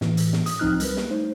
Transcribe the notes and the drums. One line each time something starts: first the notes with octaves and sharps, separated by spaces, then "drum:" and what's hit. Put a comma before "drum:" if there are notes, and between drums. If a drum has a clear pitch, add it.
A2 E3, drum: snare
drum: hi-hat
drum: snare
D#6, drum: hi-hat
C2 F3 C4 D#4 F6 F#6
G3 A#4 B4, drum: hi-hat
drum: snare
A3 D#4 C5